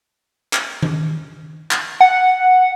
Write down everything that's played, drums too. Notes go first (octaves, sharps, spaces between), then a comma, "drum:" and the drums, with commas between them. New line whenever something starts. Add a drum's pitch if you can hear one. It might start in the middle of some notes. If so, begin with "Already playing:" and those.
drum: clap
drum: tom D#3
drum: clap
F#5